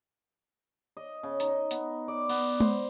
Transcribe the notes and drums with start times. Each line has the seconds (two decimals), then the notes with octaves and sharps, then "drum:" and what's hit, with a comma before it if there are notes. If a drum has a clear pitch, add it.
0.97 D#5
1.23 C#3
1.40 D#4, drum: hi-hat
1.71 B3, drum: hi-hat
2.08 D5
2.29 B3, drum: cymbal
2.60 C5, drum: tom G#3